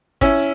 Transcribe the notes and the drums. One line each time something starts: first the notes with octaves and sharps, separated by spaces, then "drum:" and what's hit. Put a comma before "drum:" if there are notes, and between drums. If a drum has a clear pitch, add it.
C#4 E4, drum: kick